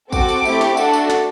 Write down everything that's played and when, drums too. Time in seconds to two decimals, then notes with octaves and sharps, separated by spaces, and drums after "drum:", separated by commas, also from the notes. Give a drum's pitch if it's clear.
0.12 C4 F#4 A4 D6, drum: kick, tambourine
0.29 drum: tambourine
0.45 A3 C4 E4 G4, drum: tambourine
0.61 drum: snare
0.77 A3 D4 F#4 A4, drum: tambourine
0.93 drum: tambourine
1.10 drum: snare